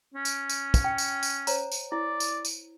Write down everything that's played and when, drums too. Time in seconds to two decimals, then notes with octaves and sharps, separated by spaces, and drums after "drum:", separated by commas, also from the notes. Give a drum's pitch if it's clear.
0.14 C#4
0.25 drum: tambourine
0.50 drum: tambourine
0.74 drum: kick, tambourine
0.84 G5
0.98 drum: tambourine
1.23 drum: tambourine
1.47 C5 C#5 A#5, drum: tambourine
1.72 drum: tambourine
1.92 E4 D5
2.20 drum: tambourine
2.45 drum: tambourine